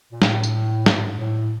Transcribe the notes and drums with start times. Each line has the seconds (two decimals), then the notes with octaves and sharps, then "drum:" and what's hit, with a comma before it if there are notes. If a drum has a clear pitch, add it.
0.12 A#2
0.22 A2, drum: snare
0.43 drum: tambourine
0.86 G#2, drum: snare
1.19 A2